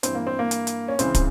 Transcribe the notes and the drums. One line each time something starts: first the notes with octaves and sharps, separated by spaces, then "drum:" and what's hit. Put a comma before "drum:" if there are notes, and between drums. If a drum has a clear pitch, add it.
G2 E3 C4, drum: hi-hat
A#3
C4
A#3
drum: hi-hat
drum: hi-hat
C#4
C#2 C#3 E3 C4, drum: hi-hat
drum: kick, hi-hat